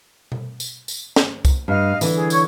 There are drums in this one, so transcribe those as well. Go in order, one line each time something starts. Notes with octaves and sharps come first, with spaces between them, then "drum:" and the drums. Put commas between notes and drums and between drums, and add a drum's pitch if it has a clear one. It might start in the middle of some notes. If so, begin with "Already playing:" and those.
drum: tom B2
drum: tambourine
drum: tambourine
drum: snare
drum: kick C2, tambourine
G2 D#5 F5 F6
D3 E3, drum: tambourine
G#4
C#5 C#6 G#6, drum: tambourine